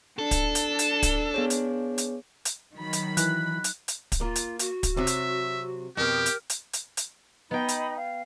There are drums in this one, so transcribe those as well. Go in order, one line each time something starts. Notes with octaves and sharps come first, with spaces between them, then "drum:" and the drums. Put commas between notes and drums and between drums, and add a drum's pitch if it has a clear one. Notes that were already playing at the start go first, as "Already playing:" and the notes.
D4 A4
drum: kick, hi-hat
drum: hi-hat
drum: hi-hat
drum: kick, hi-hat
B3 G#4 C#5
drum: hi-hat
drum: hi-hat
drum: hi-hat
D#3 F#3 B5
drum: hi-hat
E3 F#6, drum: hi-hat
drum: hi-hat
drum: hi-hat
drum: kick, hi-hat
A#3 F4
drum: hi-hat
F#4, drum: hi-hat
drum: kick, hi-hat
C3 F#3 E5
drum: hi-hat
F2 B2 G4 A#4
drum: hi-hat
drum: hi-hat
drum: hi-hat
drum: hi-hat
B3 D#4 D#5 G5 B5
drum: hi-hat
F5